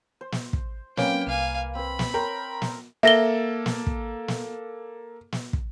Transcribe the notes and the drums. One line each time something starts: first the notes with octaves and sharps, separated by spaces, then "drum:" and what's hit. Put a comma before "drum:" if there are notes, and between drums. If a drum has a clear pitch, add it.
C5
drum: snare
drum: kick
F#3 A#3 C4 C#4 B4 G5, drum: snare
C2 F5 G#5
C4 B4 B5
drum: snare
A#4 C#5 G5 C6 G6
drum: snare
A#3 A4 E5 A#6 G7
drum: snare
drum: kick
drum: snare
drum: snare
drum: kick